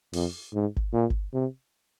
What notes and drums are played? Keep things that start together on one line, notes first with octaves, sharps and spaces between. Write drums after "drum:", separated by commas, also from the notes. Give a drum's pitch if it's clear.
F2, drum: open hi-hat
G#2
drum: kick G1
A#2
drum: kick G1
C3